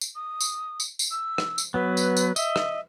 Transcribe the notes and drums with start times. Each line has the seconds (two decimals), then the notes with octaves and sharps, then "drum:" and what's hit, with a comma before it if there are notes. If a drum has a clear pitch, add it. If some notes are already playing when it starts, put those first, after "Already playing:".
0.01 drum: tambourine
0.15 D#6
0.41 drum: tambourine
0.80 drum: tambourine
0.99 drum: tambourine
1.11 E6
1.38 drum: rim click
1.58 drum: tambourine
1.74 F#3 B3 B4
1.97 drum: tambourine
2.17 drum: tambourine
2.36 D#5 E5, drum: tambourine
2.56 drum: rim click